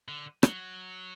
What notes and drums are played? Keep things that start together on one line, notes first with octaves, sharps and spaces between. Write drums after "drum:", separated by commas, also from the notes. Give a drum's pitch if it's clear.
D3
F#3, drum: rim click